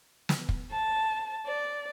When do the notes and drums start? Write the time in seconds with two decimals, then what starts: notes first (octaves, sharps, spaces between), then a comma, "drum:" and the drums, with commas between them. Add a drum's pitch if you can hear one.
0.29 drum: snare
0.49 drum: kick
0.72 A5
1.47 D5